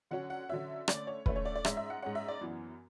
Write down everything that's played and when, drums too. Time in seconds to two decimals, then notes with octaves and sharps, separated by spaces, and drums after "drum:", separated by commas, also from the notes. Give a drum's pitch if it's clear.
0.11 D3 F#3 C#4 F#5
0.30 F#5
0.49 D3 F#3 C#4 E5
0.88 D3 A3 C#4 D5, drum: rim click
1.07 C#5
1.26 D3 A3 C#4 B4, drum: kick
1.36 C#5
1.45 D5
1.55 D5
1.65 G#2 G#3 C#4 E5, drum: rim click
1.77 E5
1.90 F#5
2.02 G#2 G#3 C#4 F#5
2.15 E5
2.28 D5
2.41 F#2 E3 B3